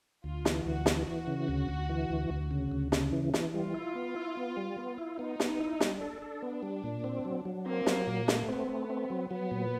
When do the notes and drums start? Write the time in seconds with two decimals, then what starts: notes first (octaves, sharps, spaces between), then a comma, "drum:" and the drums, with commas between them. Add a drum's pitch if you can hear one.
0.24 D2 F4
0.45 E3, drum: snare
0.65 D2 F#4
0.86 E3, drum: snare
1.07 E3 F#4
1.27 C#3
1.48 D2
1.69 D2
1.89 E3
2.10 D2
2.30 D2
2.51 C#3
2.71 D2
2.92 C#3, drum: snare
3.12 E3
3.34 E3, drum: snare
3.53 G3 F4
3.74 E4
3.95 B3
4.16 E4
4.37 B3
4.57 G3
4.78 B3
4.98 E4
5.19 B3 D#4
5.40 B3, drum: snare
5.60 E4
5.80 G3, drum: snare
6.01 D4 A4
6.22 A4
6.43 B3
6.63 G3
6.84 A#2
7.04 C4
7.25 F#3
7.45 F#3
7.66 A#3 C4
7.86 F#3, drum: snare
8.07 A#2
8.28 A3, drum: snare
8.48 B3 C4
8.69 A3
8.90 C4
9.10 F#3
9.31 F#3 B3
9.51 A#2